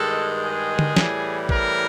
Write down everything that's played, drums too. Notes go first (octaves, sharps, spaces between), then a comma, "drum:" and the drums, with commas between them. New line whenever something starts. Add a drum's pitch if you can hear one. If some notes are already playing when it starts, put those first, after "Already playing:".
Already playing: G2 D#3 G#3 A4
G#4
drum: tom D3
A2 E3 G3, drum: snare
A#4, drum: kick